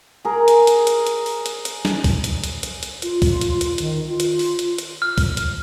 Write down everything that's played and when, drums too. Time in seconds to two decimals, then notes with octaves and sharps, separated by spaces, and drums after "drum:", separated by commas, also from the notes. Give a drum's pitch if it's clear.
0.25 G#4 A#4
0.48 drum: hi-hat
0.67 drum: hi-hat
0.87 drum: hi-hat
1.07 drum: hi-hat
1.26 drum: open hi-hat
1.46 drum: hi-hat
1.65 drum: hi-hat
1.85 drum: snare
2.04 drum: kick, open hi-hat
2.24 drum: hi-hat
2.44 drum: hi-hat
2.63 drum: hi-hat
2.83 drum: hi-hat
3.02 F4, drum: hi-hat
3.22 drum: kick, open hi-hat
3.41 drum: hi-hat
3.61 drum: hi-hat
3.78 D#3, drum: hi-hat
4.09 F4
4.20 drum: hi-hat
4.39 drum: open hi-hat
4.59 drum: hi-hat
4.78 drum: hi-hat
5.02 F6
5.18 drum: kick, open hi-hat
5.37 drum: hi-hat